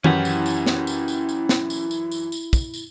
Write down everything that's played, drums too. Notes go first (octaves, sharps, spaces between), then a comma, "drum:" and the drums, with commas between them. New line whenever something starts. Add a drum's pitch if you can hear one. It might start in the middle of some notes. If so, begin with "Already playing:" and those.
F#2 E3 C#4 E4 G4 F#5, drum: tom D#3
drum: tambourine
drum: tambourine
drum: snare
drum: tambourine
drum: tambourine
drum: tambourine
drum: snare
drum: tambourine
drum: tambourine
drum: tambourine
drum: tambourine
drum: kick, tambourine
drum: tambourine